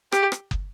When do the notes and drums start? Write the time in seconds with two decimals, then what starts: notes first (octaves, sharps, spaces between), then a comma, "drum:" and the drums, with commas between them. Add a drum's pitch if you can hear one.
0.12 G4, drum: rim click
0.32 drum: rim click
0.51 drum: kick